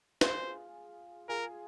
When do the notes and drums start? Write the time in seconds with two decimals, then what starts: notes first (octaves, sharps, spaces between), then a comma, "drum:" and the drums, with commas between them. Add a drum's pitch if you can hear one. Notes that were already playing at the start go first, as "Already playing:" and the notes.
0.21 F4 G#4 C5, drum: snare
1.29 F4 G#4 A#4